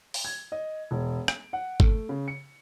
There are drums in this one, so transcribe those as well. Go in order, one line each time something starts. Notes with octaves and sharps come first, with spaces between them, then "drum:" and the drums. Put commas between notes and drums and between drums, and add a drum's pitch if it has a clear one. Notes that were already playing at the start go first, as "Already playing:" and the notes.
drum: open hi-hat
G#6
D#5
E1
D7, drum: rim click
F#5
A3, drum: kick
C#3
C#7